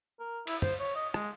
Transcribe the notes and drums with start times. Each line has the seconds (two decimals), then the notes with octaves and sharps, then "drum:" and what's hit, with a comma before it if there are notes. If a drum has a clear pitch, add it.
0.20 A#4
0.47 E4, drum: cymbal
0.62 C5, drum: tom
0.80 C#5
0.95 D#5
1.14 G#3, drum: rim click